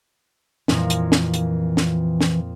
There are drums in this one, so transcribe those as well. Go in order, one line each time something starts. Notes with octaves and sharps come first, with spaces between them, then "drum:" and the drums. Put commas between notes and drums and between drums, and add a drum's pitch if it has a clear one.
F2 A#2 E3 A#4, drum: snare
drum: hi-hat
drum: snare
drum: hi-hat
drum: snare
drum: snare